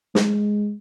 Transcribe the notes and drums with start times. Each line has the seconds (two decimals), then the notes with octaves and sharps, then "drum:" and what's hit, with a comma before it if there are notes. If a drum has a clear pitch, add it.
0.15 G#3, drum: snare